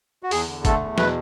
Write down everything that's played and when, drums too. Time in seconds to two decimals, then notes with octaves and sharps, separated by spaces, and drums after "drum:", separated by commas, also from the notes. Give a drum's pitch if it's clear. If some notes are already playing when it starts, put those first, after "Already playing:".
0.23 F#4
0.31 E2 G#4, drum: open hi-hat
0.48 D3
0.65 A3 A4, drum: kick, hi-hat
0.80 E2
0.98 B2 B4, drum: snare